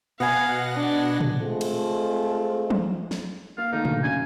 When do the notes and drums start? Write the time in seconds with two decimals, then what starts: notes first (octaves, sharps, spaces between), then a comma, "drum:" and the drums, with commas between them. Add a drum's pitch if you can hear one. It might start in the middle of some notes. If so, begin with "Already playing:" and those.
0.20 B2 B3 F5 F#5 G#5 A#6
0.76 D4
1.20 drum: tom
1.40 G#3 A3 C4 F4 A4
1.61 drum: cymbal
2.70 drum: tom
3.11 drum: snare
3.58 A#3 F5
3.73 D#3 A3 A#3 D#4
3.85 B2 D3, drum: tom
4.03 F#1 F#2 F5 G#5